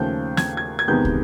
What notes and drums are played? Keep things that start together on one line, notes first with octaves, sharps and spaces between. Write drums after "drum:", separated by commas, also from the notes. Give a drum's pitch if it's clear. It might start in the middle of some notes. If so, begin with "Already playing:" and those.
Already playing: D#2 C#3 F3 A3 G6
G#6, drum: snare
G#6
G#6
E2 C3 D#3 G#3 B3 G6
drum: kick